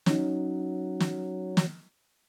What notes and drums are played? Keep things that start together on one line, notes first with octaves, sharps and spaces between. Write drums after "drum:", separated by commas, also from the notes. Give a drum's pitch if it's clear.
F#3 C#4 D#4, drum: snare
drum: snare
drum: snare